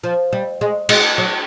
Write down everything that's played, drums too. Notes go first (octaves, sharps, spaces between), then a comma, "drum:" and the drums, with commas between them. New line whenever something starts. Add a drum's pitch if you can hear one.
F3
G3
G#3
G#3, drum: cymbal
F#3